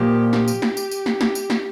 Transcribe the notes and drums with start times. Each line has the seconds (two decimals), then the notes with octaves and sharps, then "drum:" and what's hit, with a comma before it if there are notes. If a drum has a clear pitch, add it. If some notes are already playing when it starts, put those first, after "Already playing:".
Already playing: A#2 F3 A#3 G4
0.33 G4, drum: snare
0.48 drum: tambourine
0.62 drum: snare
0.77 drum: tambourine
0.91 drum: tambourine
1.06 drum: snare
1.21 drum: snare
1.35 drum: tambourine
1.50 drum: snare